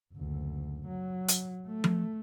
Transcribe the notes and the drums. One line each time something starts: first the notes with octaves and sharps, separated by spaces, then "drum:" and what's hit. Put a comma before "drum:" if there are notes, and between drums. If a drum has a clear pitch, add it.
F#1 D2
F#3
drum: hi-hat
A3
drum: tom F3